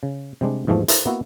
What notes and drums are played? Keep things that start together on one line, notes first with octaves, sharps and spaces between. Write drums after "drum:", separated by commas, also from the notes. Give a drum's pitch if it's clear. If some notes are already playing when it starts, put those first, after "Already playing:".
C#3
C3 G3 G#3 D4
E2 G#2 E3 F3 A3
E4 A4 A#4 C5 E5 F5, drum: hi-hat
A#3 B3 E4 F#4